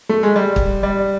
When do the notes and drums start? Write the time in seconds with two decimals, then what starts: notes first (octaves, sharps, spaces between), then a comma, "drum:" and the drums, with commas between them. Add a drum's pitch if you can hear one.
0.09 A3
0.23 G#3
0.36 G3
0.56 drum: kick
0.83 G3